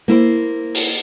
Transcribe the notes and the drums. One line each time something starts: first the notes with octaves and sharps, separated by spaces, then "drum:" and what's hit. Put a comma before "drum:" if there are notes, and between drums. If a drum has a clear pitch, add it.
A#3 E4 C5
drum: open hi-hat